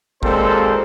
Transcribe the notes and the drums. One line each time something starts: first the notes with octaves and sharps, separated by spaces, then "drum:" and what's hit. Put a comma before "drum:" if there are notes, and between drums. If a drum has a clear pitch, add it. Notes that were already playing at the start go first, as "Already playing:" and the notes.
D#2 A#2 G#3 C4 A4 C5, drum: kick